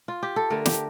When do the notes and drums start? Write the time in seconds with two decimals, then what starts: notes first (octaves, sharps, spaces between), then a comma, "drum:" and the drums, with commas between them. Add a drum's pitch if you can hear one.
0.08 F4
0.23 G4
0.36 A4
0.50 D3 A3 A#4
0.66 G4, drum: snare